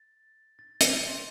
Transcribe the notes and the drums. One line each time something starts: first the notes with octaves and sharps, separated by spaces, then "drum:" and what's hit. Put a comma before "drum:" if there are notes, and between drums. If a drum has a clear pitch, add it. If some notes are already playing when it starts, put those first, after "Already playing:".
Already playing: A6
A6
drum: hi-hat
C6